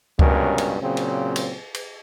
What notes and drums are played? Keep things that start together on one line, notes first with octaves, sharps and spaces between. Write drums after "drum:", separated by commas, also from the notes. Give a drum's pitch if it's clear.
C#2 G2 B2 C#4 A#4, drum: kick C#2
drum: cymbal
A#2 C#3 F#3 C4
drum: cymbal
drum: cymbal
drum: cymbal